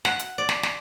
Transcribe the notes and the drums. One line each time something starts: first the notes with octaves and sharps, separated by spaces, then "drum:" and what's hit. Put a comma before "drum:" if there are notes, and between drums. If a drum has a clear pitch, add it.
F#5, drum: snare
drum: hi-hat
D5
drum: snare
drum: snare